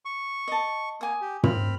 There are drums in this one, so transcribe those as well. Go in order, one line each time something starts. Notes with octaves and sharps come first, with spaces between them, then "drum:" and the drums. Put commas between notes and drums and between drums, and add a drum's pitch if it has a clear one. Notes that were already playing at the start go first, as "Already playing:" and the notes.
C#6
D#5 A5
A#3 G#5 D#6
G4
C4 B5 F6, drum: tom